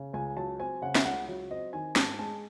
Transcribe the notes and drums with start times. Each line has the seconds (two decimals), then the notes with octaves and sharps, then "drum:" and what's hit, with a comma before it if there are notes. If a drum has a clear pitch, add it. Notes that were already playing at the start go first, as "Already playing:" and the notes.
Already playing: C#3
0.13 C#2 G#5
0.36 F#3 A5
0.59 C4 G#5
0.82 C#3 F#5
0.95 E5, drum: snare
1.05 C#2 F#5
1.28 F#3
1.50 C4 D#5
1.73 D#3 G#5
1.96 G#2 A5, drum: snare
2.19 G#3 A5